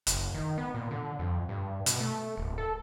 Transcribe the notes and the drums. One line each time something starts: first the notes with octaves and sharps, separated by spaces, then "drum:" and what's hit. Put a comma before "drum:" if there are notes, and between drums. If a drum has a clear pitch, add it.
F#1, drum: hi-hat
D#3
B3
A#2
D3
F2
G2
B2, drum: hi-hat
A3
D1
A4